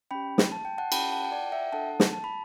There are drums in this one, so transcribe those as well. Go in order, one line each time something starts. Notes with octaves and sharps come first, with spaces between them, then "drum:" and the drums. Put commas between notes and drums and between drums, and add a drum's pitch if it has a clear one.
C#4 G4 G5 B5
drum: snare
A5
G5
F#5 A5
C#4 G4 G5 B5, drum: cymbal
F#5 A5
G5
D5 F#5
E5 G5
D4 A4 F#5 A5
drum: snare
A5
B5